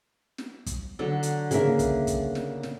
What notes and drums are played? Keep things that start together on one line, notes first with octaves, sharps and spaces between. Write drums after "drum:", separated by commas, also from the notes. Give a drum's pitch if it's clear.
drum: snare
drum: kick, hi-hat
D3 F#3 A4
drum: hi-hat
C#3 A#3 G#4 A#4 E5, drum: hi-hat
drum: kick, hi-hat
drum: kick, hi-hat
drum: snare
drum: snare